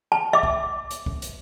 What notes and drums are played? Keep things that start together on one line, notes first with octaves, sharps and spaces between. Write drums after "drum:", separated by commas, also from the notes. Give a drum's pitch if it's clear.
A5
E5 D6
drum: kick
drum: hi-hat
drum: kick
drum: hi-hat